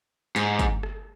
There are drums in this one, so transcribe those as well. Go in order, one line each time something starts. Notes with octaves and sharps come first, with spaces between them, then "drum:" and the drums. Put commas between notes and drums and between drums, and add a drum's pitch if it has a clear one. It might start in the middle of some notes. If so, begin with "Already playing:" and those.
G#2, drum: hi-hat
drum: kick, hi-hat
drum: rim click